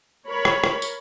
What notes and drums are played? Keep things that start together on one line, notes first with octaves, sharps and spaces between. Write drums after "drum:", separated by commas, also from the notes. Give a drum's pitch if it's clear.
A#4 C#5 B5
drum: rim click
drum: rim click
drum: tambourine